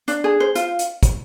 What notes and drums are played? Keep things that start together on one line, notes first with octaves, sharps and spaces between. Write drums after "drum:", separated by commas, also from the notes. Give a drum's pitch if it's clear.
D4, drum: hi-hat
G#4
C5
F4, drum: hi-hat
drum: hi-hat
drum: kick, hi-hat